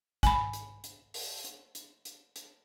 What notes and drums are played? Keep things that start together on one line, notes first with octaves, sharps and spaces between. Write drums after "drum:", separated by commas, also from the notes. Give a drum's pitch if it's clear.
G#5 B5, drum: kick, hi-hat
drum: hi-hat
drum: hi-hat
drum: open hi-hat
drum: hi-hat
drum: hi-hat
drum: hi-hat
drum: hi-hat